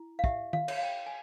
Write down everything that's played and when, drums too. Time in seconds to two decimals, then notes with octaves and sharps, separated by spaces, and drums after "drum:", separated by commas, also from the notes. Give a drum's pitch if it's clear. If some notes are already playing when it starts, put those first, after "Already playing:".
Already playing: E4
0.19 F5
0.24 G4 E5, drum: kick
0.53 F5, drum: tom D#3
0.68 C#5, drum: cymbal
0.78 F5
0.83 G5
1.06 G#5